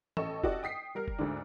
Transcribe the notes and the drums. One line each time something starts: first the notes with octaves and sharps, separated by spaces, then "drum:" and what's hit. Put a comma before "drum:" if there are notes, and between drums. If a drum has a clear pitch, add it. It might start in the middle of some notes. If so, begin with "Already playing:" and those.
A1 A4 D#5 C#6 E7, drum: tom E3
F#4 G4 A4 D5 D#5 F#5, drum: kick F1
G5 D#6 B6 C7
G3 A#4 F6
drum: kick F1
D2 G#2 D3 D4